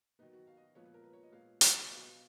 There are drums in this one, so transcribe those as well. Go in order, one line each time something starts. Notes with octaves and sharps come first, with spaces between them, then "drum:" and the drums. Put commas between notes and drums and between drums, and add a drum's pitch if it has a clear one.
D#3 F#3 B3 D#4
F#4
F5
D#5
A#2 F3 G#3 B3 C#5
B4
A#4
B4
C#5
D#5
A#2 G#3 B3 F5
drum: hi-hat
B2 F#3 B3 F5
D#5
F5